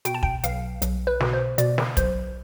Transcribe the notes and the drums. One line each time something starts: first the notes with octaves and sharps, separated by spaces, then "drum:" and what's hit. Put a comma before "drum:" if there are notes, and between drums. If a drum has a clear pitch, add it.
B2 G5, drum: hi-hat
A5
G5, drum: kick
B1 F5, drum: hi-hat
B1, drum: hi-hat
B4
B2, drum: snare
C5
B2 D5, drum: hi-hat
drum: snare
B1 C5, drum: kick, hi-hat